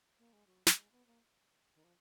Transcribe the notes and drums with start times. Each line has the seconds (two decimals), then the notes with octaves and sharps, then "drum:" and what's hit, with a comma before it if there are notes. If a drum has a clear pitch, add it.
0.18 A#3
0.33 G#3
0.46 F#3
0.67 F#3, drum: snare
0.77 G#3
0.91 B3
1.06 A#3
1.75 D#3
1.84 F3